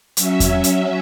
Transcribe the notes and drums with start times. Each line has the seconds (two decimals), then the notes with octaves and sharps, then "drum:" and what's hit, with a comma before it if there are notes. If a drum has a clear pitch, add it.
0.17 F#3 C#4 E5, drum: hi-hat
0.40 drum: kick E2, hi-hat
0.64 drum: hi-hat